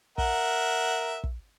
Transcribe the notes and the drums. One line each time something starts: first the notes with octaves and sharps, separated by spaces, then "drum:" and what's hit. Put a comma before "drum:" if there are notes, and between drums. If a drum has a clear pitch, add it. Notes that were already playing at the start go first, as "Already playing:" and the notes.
A#4 E5 F#5, drum: kick
drum: kick